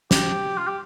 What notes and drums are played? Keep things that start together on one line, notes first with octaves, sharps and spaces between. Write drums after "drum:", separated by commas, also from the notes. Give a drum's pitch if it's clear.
G4, drum: snare
F4
G4